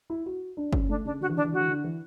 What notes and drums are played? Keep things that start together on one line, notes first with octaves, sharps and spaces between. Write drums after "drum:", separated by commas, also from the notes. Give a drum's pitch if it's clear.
E4
F#4
D4
C#4, drum: kick
A3 D4
C#3 D4
D3 F#4
E3
D3 D4
E3
D3 F#4
E3
D3
E3